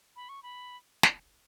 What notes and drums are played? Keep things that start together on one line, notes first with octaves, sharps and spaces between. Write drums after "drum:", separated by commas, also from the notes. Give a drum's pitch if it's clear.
B5
C#6
B5
drum: snare